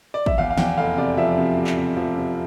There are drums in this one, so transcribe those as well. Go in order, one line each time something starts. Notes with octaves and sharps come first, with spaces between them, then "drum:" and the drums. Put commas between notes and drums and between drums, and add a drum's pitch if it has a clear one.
D5
E5, drum: kick
E2 F5
F5
E2 G5, drum: snare
F1 F5
C3 D5
F3 E5
C3
C3
drum: clap
C3
F3
C3